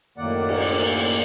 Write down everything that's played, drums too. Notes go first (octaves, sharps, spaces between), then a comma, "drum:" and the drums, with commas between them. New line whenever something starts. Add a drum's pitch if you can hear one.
F#2 A2 D#3 A#3 D5 F#5
drum: cymbal